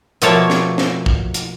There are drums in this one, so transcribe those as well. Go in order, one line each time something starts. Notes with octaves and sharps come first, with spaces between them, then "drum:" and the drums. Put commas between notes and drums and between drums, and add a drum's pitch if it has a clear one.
B2 F3 A3 A#3 C#5 A5, drum: hi-hat
drum: snare
drum: snare
drum: kick
drum: hi-hat